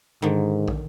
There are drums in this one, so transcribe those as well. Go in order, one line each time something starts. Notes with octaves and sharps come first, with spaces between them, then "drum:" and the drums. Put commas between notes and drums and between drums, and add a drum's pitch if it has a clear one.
G#2 D3 D#3
drum: kick